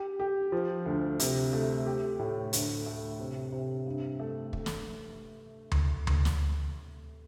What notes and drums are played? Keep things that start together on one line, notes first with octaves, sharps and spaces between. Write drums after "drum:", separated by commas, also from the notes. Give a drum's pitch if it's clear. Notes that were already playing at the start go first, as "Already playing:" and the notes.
Already playing: G4
G4
F3
D2
C3, drum: hi-hat
A3
G4
A2
D2, drum: hi-hat
A3
C3
C3
G2
A3
A3, drum: kick
drum: snare
drum: tom D2
drum: tom D2
drum: snare